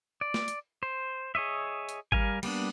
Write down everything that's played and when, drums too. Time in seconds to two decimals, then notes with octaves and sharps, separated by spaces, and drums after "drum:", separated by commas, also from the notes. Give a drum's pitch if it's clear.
0.21 D5
0.34 drum: snare A3
0.48 drum: hi-hat
0.83 C5
1.35 G#4 C#5 D#5 E5
1.89 drum: hi-hat
2.12 G3 A#4 F5 G#5, drum: kick G#1
2.43 G3 A#3 B3 D4, drum: cymbal